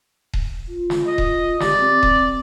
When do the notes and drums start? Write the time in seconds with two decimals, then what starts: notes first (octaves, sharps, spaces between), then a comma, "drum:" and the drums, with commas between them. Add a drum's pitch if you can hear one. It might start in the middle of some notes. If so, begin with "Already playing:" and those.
0.33 drum: kick D#1
0.69 F4
0.90 drum: snare
1.07 D#5
1.18 drum: kick D#1
1.60 G4 D5, drum: snare
1.80 C4
2.03 drum: kick D#1